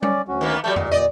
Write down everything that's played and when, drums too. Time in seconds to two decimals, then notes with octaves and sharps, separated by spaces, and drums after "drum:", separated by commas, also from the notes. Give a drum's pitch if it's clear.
0.03 C#4 D5, drum: tom G3
0.28 D2 C#4 F#4
0.41 D#3 A#3 B3
0.64 F#3 G3 A3 A5 G6
0.76 A#2 D#5, drum: tom E2
0.91 A#2 D5 D#5